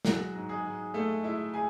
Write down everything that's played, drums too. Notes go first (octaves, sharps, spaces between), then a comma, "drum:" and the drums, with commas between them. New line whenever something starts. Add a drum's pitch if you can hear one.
F#3 G#3 F#4, drum: snare
G#2
G#3 G#4
G#2
G#3 A3 A4
G#3 E4 E5
G#3 G#4 G#5